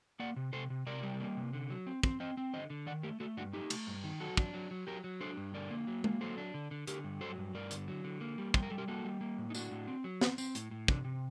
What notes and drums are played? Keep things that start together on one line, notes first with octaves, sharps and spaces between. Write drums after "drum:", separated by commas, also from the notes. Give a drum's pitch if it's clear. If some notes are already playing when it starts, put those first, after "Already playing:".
A#3 D5 F#5
C3
C3 A4 C5
C3
C3 A#4 D5
G3
A#3
C3
D3
F#3
C4
C4, drum: kick
C4 C5 D#5
C4
D3 C5 D#5
D3
D#3 D5 F#5
A3 G4 A#4
A3 F#4 A4
G2 D4 F#4
A3 D#4 G4
A3, drum: cymbal
G2
D#3
F#3 F#4 A4
D4, drum: kick
F#3
F#3
F#3 G4 A#4
F#3
D4 A4 C5
G2
D3 A#4 D5
A#3
F#3
A#3, drum: tom G#3
F#3 A4 C5
D4
D3
D3
D3 G4 A#4, drum: hi-hat
G2
F#3 A4 C5
G2
G2 A#4 D5
D3, drum: hi-hat
F#3
D3
A#3
G3
G3 C5, drum: kick
A#4
G3 A4
G4 A#4
A#3 F#4 A4
G3
A#3
A2
D#4
A2 D4 F#4, drum: tambourine
A2
C4
F#3
C4, drum: snare
C4, drum: tambourine
A2, drum: hi-hat
A2
C3 D4, drum: kick
C3